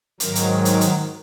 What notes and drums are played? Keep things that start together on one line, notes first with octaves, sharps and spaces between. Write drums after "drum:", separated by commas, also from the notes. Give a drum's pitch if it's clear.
G#2 D#3 F#3 A#4, drum: hi-hat
drum: hi-hat
A#4, drum: hi-hat
drum: hi-hat